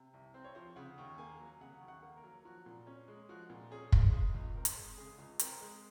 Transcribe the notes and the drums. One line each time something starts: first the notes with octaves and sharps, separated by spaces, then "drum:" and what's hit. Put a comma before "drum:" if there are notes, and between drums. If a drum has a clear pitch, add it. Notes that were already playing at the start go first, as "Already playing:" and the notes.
Already playing: C3
C2
C4 C5
C#5
F3 C5
C#3 F#5
D#2
A#3 G#5
F#3
C#3 F#5
D#2
F#5
A#3
A#4
F#3
F3 F#4
A#2
C#4
G#3
F3 F#4
A#2
C#4 G#4
G#3, drum: kick
C#3 G#4
C#2
C4 A#4
drum: hi-hat
G#3
C#3 G#4
C#2
C4 A#4, drum: hi-hat
G#3